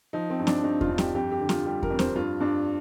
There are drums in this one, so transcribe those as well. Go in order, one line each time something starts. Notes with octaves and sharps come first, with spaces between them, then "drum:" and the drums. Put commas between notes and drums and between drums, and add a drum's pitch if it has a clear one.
F3 D#4
C4
G2
D4, drum: snare C4
G2 D#4
F4, drum: kick E2
G2
G4, drum: snare C4
F2 G4
G4
D3
F4, drum: snare C4
G3 G4
A#4, drum: kick E2
F2
C5, drum: snare C4
G2 F4
G2 D4